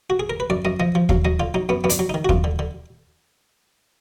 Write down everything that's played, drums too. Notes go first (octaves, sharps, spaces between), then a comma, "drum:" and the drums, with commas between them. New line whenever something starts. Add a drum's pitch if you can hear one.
F#4
G#4
A#4
B4
F#2 D5
F#2 D#5
F3 D#5
F3
F#3 F5, drum: kick D#2
F#3 D#5
D3 F4
F#3 D#4
F#2 B3
F#2 B3
D4, drum: hi-hat
F#3
D#3 D#4
F#4
F#2 F4, drum: kick D#2
D3
D3